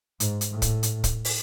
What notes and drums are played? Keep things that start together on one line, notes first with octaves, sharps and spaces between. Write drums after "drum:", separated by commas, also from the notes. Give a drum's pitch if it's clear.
G#2, drum: hi-hat
drum: hi-hat
A2
drum: kick, hi-hat
drum: hi-hat
drum: kick, hi-hat
drum: open hi-hat